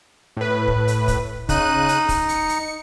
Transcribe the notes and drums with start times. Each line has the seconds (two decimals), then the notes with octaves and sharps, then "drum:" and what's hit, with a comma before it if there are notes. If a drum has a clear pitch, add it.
0.37 A2 B4
0.67 drum: kick
0.88 drum: hi-hat
1.08 drum: kick, hi-hat
1.49 C#3 D#4 F#6 D#7, drum: kick, hi-hat
1.88 drum: hi-hat
2.09 drum: kick, open hi-hat
2.29 C#7, drum: hi-hat
2.49 drum: hi-hat